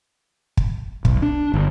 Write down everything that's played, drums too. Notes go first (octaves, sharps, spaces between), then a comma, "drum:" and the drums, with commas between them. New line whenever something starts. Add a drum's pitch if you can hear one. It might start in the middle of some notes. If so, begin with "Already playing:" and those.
drum: kick
B1, drum: kick
D4
G1